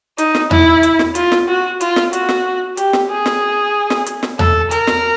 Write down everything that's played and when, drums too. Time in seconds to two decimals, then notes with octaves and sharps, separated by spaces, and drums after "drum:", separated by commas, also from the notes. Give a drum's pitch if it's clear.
0.18 D#4, drum: hi-hat
0.35 drum: snare
0.51 E4, drum: tom E2
0.83 drum: hi-hat
0.99 drum: snare
1.15 F4, drum: hi-hat
1.32 drum: snare
1.48 F#4
1.81 F4, drum: hi-hat
1.96 drum: snare
2.13 F#4, drum: hi-hat
2.29 drum: snare
2.77 G4, drum: hi-hat
2.93 drum: snare
3.10 G#4
3.26 drum: snare
3.90 drum: snare
4.06 drum: hi-hat
4.23 drum: snare
4.39 A4, drum: tom E2
4.71 A#4, drum: hi-hat
4.87 drum: snare